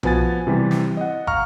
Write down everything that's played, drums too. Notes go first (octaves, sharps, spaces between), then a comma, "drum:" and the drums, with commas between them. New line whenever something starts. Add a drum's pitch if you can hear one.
B2 F3 B3 G#5 A6, drum: tom B1
C3 E3 G3
drum: snare
D#5 F#5
F5 A#5 C#6 F6, drum: kick